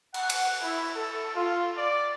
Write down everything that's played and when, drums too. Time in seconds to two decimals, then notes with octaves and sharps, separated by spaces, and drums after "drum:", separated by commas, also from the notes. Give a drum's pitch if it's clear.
0.14 F#5, drum: cymbal
0.30 drum: cymbal
0.62 E4
0.96 A4
1.36 F4
1.77 D5